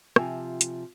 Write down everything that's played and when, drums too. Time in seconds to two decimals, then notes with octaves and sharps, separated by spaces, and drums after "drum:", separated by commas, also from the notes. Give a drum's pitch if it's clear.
0.16 C3 F3 F4 G4 E5 G#5, drum: rim click
0.61 drum: hi-hat